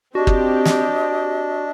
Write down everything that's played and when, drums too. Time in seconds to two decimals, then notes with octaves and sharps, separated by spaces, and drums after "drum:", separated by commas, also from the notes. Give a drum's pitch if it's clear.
0.15 C4 D4 F#4 G4 D#5
0.27 drum: kick
0.65 drum: snare